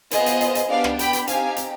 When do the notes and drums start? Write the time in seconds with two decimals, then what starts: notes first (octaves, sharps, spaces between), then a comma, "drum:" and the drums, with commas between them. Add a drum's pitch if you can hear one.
0.11 B3 F4 G#4 C5 D#5, drum: hi-hat
0.26 drum: hi-hat
0.41 drum: hi-hat
0.55 drum: hi-hat
0.69 B3 D4 G4 D5 F5
0.84 drum: rim click
0.99 G5 B5, drum: hi-hat
1.13 drum: hi-hat
1.27 C4 D#4 G4 F5 G#5, drum: hi-hat
1.56 drum: hi-hat